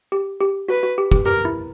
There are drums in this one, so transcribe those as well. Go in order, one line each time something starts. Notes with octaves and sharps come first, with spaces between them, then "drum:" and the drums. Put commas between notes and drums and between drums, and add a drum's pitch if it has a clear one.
G4
G4
F#4 B4
F#4
G4
G4, drum: kick
G4 A#4
E4